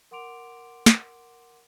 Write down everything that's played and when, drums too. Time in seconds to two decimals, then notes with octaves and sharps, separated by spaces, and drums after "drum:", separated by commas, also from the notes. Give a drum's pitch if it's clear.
0.11 A#4 F#5 C6 D6 D7 F7
0.86 drum: snare